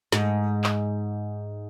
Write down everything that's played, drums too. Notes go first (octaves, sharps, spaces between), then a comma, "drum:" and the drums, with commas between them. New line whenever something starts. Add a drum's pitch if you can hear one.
G#2, drum: snare
drum: clap